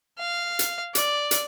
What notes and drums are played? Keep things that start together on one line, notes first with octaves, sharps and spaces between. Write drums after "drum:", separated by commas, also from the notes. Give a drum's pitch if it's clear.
F5
drum: hi-hat
D5, drum: hi-hat
drum: hi-hat